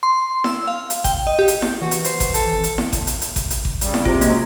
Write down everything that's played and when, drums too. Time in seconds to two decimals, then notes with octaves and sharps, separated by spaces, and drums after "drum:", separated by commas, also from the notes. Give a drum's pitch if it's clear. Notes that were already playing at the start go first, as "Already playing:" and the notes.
0.03 C6
0.44 E6, drum: snare E4
0.67 F5
0.90 drum: hi-hat
1.04 G5, drum: kick G#1, hi-hat
1.27 D#5
1.39 G4
1.48 drum: hi-hat
1.62 drum: snare E4
1.81 E3 F#4
1.91 drum: hi-hat
2.04 C5, drum: hi-hat
2.20 drum: kick G#1, hi-hat
2.34 A4, drum: hi-hat
2.52 G#1
2.64 drum: hi-hat
2.78 drum: snare E4
2.92 drum: kick G#1, hi-hat
3.07 drum: hi-hat
3.21 drum: hi-hat
3.36 drum: kick G#1, hi-hat
3.50 drum: hi-hat
3.65 drum: kick G#1
3.81 C#3 G3, drum: hi-hat
3.94 drum: snare E4
4.05 C3 F4, drum: kick G#1
4.21 F#2 B2 G#3 A#3, drum: hi-hat